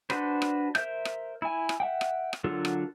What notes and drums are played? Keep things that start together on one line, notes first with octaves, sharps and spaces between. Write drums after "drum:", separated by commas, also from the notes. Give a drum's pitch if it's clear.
D4 F#4 B4 C5, drum: rim click
drum: rim click
A#4 C5 E5 G6, drum: rim click
drum: rim click
E4 G#5
drum: rim click
E5 F#5 G5
drum: rim click
drum: rim click
D3 F#3 F4 A4 A#4
drum: rim click